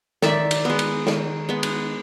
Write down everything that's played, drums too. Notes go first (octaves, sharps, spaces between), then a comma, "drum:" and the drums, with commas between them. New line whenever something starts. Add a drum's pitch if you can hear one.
D#3 D5 E5, drum: snare
drum: cymbal
G#3 B3
drum: cymbal
D#3, drum: snare
G#3 B3
drum: cymbal